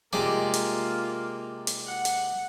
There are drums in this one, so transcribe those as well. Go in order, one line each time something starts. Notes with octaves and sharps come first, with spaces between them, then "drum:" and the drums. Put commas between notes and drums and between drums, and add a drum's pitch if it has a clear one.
C3 G#3 A#3 F4 D5
drum: hi-hat
drum: hi-hat
F#5
drum: hi-hat